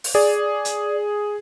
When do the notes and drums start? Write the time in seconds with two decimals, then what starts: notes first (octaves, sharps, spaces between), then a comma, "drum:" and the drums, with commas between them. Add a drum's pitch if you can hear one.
0.04 drum: open hi-hat
0.15 G#4 D5
0.65 drum: hi-hat